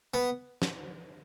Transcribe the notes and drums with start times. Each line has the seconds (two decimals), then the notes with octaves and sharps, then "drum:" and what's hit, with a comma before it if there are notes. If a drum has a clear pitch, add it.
0.14 B3
0.62 drum: snare